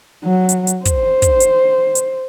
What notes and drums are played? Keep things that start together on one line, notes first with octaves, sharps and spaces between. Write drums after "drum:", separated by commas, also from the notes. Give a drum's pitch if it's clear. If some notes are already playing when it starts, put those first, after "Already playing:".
F#3
drum: hi-hat
drum: hi-hat
C5, drum: kick, hi-hat
drum: kick, hi-hat
drum: hi-hat
drum: hi-hat